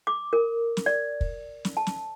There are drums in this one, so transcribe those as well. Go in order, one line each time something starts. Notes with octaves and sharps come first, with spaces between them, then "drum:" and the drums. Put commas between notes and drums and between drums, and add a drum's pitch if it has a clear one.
D6
A#4
drum: snare
D5
drum: kick
drum: snare
A5
drum: snare